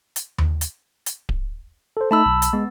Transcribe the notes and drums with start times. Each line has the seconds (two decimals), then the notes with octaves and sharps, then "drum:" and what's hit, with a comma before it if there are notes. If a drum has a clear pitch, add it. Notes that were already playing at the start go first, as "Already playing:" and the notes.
0.16 drum: hi-hat
0.38 drum: tom D#2
0.61 drum: hi-hat
1.06 drum: hi-hat
1.29 drum: kick D1
1.97 A4 C5
2.11 A3 D#4 A5 B5 E6
2.26 B1
2.42 drum: hi-hat
2.53 G#3 B3